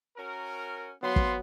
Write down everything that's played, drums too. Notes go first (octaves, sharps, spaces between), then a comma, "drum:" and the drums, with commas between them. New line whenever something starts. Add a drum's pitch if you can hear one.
C#4 F#4 A#4
F#3 B3 C5 F5 C6
drum: kick